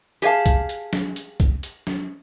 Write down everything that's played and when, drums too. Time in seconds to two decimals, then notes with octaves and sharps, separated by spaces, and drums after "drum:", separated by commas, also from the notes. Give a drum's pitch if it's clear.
0.22 G4 G#4 D5 F5 A5, drum: hi-hat
0.46 drum: kick, hi-hat
0.69 drum: hi-hat
0.93 drum: snare F#3
1.16 drum: hi-hat
1.40 drum: kick, hi-hat
1.63 drum: hi-hat
1.87 drum: snare F#3